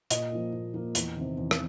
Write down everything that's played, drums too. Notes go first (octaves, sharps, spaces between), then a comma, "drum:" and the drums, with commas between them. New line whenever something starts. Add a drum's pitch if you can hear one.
A#2 D#5, drum: hi-hat
F3 A#3
A#2
F3 A#3
E2, drum: hi-hat
C3 D#3
E2
drum: rim click